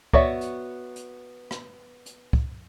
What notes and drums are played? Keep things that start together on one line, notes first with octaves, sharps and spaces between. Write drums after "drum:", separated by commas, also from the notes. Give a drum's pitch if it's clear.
B3 F#4 C#5 D5 E5, drum: kick
drum: hi-hat
drum: hi-hat
drum: rim click
drum: hi-hat
drum: kick